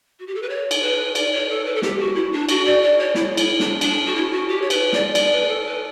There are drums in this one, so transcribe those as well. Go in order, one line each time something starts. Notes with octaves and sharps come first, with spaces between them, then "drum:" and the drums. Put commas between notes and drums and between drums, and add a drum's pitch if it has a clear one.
F#4
G4
A4
B4
C#5
drum: cymbal
B4
D5, drum: cymbal
C#5
A4
B4
A4
G4, drum: snare
F#4
E4
D4
F#4, drum: cymbal
D5
D5
C#5
E4, drum: snare
E4, drum: cymbal
D4, drum: snare
D4, drum: cymbal
F#4
E4
F#4
G4
C#5
B4, drum: cymbal
D5, drum: snare
D5, drum: cymbal
B4
A4
B4